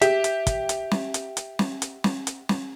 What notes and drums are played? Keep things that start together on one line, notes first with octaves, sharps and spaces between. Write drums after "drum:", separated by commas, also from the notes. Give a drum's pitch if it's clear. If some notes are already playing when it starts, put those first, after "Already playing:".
G4 E5, drum: hi-hat
drum: hi-hat
drum: kick, hi-hat
drum: hi-hat
drum: snare
drum: hi-hat
drum: hi-hat
drum: snare
drum: hi-hat
drum: snare
drum: hi-hat
drum: snare